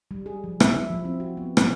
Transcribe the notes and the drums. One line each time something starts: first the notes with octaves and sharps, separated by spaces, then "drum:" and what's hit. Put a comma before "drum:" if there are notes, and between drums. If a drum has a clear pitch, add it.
G3
G#4
F3
E5, drum: rim click
E4
F3
C4
F#4
B3
F3, drum: rim click